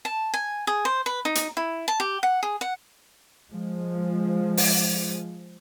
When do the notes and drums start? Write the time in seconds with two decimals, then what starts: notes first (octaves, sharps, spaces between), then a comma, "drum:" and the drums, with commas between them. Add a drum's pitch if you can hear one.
0.05 A5
0.34 G#5
0.67 G#4
0.85 C5
1.06 B4
1.25 D#4
1.35 drum: hi-hat
1.57 E4
1.88 A5
2.00 G4
2.23 F#5
2.43 G#4
2.61 F#5
3.50 F3 G#3
4.57 drum: open hi-hat